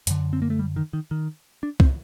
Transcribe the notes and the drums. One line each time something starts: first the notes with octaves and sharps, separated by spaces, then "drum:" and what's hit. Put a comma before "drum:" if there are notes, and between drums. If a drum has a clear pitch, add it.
F#2 D3, drum: hi-hat
C4
A#3
A3
G3
D#3
D#3
D#3
D4
C4, drum: kick C2